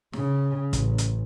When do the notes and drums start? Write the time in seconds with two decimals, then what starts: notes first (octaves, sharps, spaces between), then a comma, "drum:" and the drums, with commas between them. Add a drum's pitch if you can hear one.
0.13 C#3, drum: snare
0.73 A1, drum: kick, hi-hat
0.98 drum: hi-hat